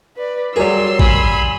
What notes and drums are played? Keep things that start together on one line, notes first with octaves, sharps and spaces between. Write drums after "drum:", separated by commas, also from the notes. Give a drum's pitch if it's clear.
B4 D5
F#3 G3 G#4 A#4 D5 C6 E6
G#5 B5, drum: kick G#1